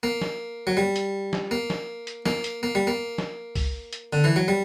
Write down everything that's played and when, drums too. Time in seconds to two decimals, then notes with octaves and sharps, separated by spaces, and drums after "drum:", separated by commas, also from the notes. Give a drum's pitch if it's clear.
0.03 A#3
0.21 drum: snare
0.67 F#3
0.77 G3
0.96 drum: hi-hat
1.33 drum: snare
1.51 A#3
1.70 drum: snare
2.07 drum: hi-hat
2.26 A#3, drum: snare
2.44 drum: hi-hat
2.63 A#3
2.75 G3
2.87 A#3
3.18 drum: snare
3.55 drum: kick C2, open hi-hat
3.93 drum: hi-hat
4.13 D3
4.24 E3
4.36 F#3
4.48 G3